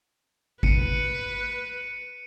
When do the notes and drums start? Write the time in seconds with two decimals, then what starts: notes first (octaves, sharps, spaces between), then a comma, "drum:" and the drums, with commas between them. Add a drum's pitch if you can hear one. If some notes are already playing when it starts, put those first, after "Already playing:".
0.63 B4 C#7 D#7, drum: kick G#1